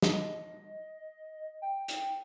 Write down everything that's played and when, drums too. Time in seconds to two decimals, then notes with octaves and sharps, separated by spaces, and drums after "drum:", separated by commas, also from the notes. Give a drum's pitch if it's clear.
0.02 D#5, drum: snare
1.62 G5
1.88 G5, drum: hi-hat